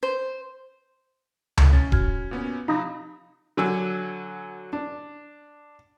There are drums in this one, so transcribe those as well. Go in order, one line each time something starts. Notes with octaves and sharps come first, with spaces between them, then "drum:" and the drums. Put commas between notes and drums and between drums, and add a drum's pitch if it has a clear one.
C5
A2, drum: tom C#2
C#4 A6
F#4 F6 G#6, drum: kick D#1
A#2 B3 C#4
C3 F3 D#4 F5 B5
D3 F#3 G#5 E6
D4